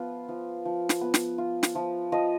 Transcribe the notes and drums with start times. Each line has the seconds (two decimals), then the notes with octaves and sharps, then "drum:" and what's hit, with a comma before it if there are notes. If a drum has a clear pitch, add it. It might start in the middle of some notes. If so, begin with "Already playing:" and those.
Already playing: F3 B3 F4
0.29 F3
0.65 F3
0.89 drum: snare
1.01 B3
1.14 drum: snare
1.38 F4
1.63 drum: snare
1.75 F3
2.12 F3 D#5